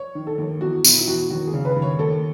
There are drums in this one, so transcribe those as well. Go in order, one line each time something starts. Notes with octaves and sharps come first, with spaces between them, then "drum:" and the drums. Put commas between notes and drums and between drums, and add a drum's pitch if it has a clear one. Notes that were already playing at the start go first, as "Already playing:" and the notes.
Already playing: C#5
D#3
A4
D#2
E2 F#4
B2 E4, drum: tambourine
E4
E2 F#4
D#2 F#4
G#4
C#3
B4
D#2
C#5
D#2 A4